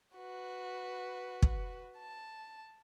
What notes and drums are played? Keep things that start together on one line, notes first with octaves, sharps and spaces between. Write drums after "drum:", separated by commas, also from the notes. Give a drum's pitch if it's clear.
F#4 B4
drum: kick
A5